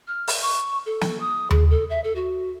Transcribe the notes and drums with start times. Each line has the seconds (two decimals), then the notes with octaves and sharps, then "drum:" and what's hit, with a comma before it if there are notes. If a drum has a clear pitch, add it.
0.08 F6
0.28 drum: open hi-hat
0.42 C#6
0.86 A4
1.01 drum: snare
1.20 D#6
1.51 G#4, drum: tom D#2
1.70 A4
1.90 E5
2.04 A4
2.16 F#4